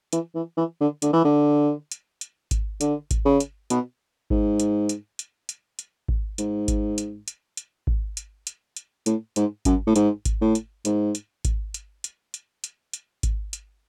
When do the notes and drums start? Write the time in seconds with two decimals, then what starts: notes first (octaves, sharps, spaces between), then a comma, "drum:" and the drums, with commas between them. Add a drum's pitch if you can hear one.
0.13 E3, drum: hi-hat
0.35 E3
0.57 E3
0.80 D3
1.02 D3, drum: hi-hat
1.13 E3
1.25 D3
1.92 drum: hi-hat
2.21 drum: hi-hat
2.51 drum: kick G#1, hi-hat
2.81 D3, drum: hi-hat
3.11 drum: kick G#1, hi-hat
3.25 C#3
3.40 drum: hi-hat
3.70 B2, drum: hi-hat
4.30 G#2, drum: kick G#1
4.60 drum: hi-hat
4.89 drum: hi-hat
5.19 drum: hi-hat
5.49 drum: hi-hat
5.79 drum: hi-hat
6.08 drum: kick G#1
6.38 G#2, drum: hi-hat
6.68 drum: kick G#1, hi-hat
6.98 drum: hi-hat
7.28 drum: hi-hat
7.57 drum: hi-hat
7.87 drum: kick G#1
8.17 drum: hi-hat
8.47 drum: hi-hat
8.77 drum: hi-hat
9.06 A2, drum: hi-hat
9.36 G#2, drum: hi-hat
9.65 F#2, drum: kick G#1, hi-hat
9.87 A2
9.96 G#2, drum: hi-hat
10.25 drum: kick G#1, hi-hat
10.41 A2
10.55 drum: hi-hat
10.85 G#2, drum: hi-hat
11.15 drum: hi-hat
11.45 drum: kick G#1, hi-hat
11.74 drum: hi-hat
12.04 drum: hi-hat
12.34 drum: hi-hat
12.64 drum: hi-hat
12.93 drum: hi-hat
13.23 drum: kick G#1, hi-hat
13.53 drum: hi-hat